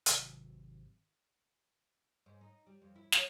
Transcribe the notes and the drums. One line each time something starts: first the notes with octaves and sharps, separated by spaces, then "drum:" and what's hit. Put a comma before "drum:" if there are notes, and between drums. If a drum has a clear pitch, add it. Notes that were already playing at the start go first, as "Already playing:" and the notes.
G#1 C3 F#3, drum: hi-hat
G#2
D#4
G3
F2
E4
F#3 C#5, drum: snare